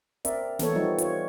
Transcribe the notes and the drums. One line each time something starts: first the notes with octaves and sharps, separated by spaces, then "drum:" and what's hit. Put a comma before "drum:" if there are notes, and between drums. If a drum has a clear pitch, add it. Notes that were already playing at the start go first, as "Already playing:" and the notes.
C4 A#4 D5 E5, drum: hi-hat
E3 B3 A4 C#5, drum: snare
F3 G3 C4 D#4
F4 C#5, drum: hi-hat